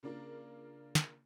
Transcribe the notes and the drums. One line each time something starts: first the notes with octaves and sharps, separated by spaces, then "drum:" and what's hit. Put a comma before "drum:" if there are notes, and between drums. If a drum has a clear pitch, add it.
C#3 A#3 D4 F4 A#4
drum: snare